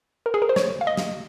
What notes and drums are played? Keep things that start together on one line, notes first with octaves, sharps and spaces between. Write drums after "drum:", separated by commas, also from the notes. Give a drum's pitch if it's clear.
A#4
G#4
A#4
C5
C#5, drum: snare
F5
D#5
drum: snare